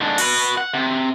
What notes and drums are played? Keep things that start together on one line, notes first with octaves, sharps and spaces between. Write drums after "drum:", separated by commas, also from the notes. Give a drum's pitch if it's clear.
G#2 D4
F#4 B4, drum: open hi-hat
F#5
C3